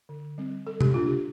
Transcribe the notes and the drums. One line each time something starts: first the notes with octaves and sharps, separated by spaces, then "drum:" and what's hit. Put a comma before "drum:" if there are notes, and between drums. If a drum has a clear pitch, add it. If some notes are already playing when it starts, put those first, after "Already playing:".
D3
G3 C4
G3 A4
G4, drum: tom C3
D4 F4
G4